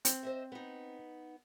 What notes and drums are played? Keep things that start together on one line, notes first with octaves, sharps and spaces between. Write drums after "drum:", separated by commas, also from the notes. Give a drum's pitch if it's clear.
C4, drum: hi-hat
C5 D#5 E5
B3 D#4